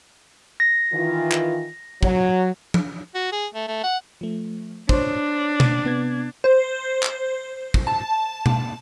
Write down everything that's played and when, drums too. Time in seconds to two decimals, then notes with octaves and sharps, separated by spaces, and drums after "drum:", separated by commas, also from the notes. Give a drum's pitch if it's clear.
0.60 A#6
0.93 D#3 E3 F4
1.31 drum: clap
2.03 F#3, drum: kick
2.74 drum: tom
3.15 F#4
3.32 G#4
3.54 A3
3.68 A3
3.84 F#5
4.21 F3 A3
4.89 D4 C5 C#5, drum: kick
5.60 drum: tom B2
5.84 C3 B3 G#6
6.44 C5
7.03 drum: clap
7.74 drum: kick
7.87 A5
8.46 drum: tom B2